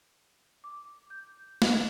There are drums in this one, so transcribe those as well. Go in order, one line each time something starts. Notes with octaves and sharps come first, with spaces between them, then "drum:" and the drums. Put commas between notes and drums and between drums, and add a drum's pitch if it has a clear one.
D6
G6
D#5, drum: snare